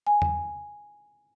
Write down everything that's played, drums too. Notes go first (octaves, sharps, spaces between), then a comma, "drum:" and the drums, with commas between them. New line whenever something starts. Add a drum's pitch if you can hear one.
G#5
drum: tom E2